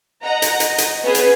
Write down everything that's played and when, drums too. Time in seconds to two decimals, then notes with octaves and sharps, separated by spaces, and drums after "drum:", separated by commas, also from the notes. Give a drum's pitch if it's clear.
0.24 D#5 F#5 A#5
0.42 drum: hi-hat
0.60 D#5, drum: hi-hat
0.78 drum: hi-hat
1.03 B3 C#4 G#4 B4
1.15 drum: hi-hat